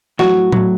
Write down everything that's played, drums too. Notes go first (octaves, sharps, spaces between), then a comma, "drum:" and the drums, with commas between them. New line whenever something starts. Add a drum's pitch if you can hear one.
A2 F#3 F#4, drum: snare
A2 F#3, drum: tom A2